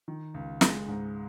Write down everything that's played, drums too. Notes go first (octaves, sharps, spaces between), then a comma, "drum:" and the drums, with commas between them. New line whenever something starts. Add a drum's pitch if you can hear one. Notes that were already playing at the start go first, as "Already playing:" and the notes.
D#3
C#2
G#3, drum: snare
G#2